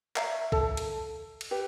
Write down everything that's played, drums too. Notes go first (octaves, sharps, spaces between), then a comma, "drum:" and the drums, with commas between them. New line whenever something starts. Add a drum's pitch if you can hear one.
C#5 E5 F5 A#5, drum: clap
A4 A5, drum: kick B1
drum: hi-hat
drum: cymbal
G4 B4